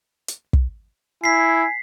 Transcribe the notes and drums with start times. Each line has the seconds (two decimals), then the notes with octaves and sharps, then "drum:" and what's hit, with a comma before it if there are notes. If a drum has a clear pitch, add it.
0.28 drum: hi-hat
0.53 drum: kick
1.24 E4 G#5 B6 C7